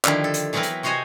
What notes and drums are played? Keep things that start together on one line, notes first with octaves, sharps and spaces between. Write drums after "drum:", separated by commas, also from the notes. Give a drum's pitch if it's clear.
D3 D#3 F3 E4 F4 G4, drum: clap
A4
drum: hi-hat
E3 F#3 B3 C4 A#4 B4
drum: hi-hat
C3 F#4 C5 C#5 D#5 G#5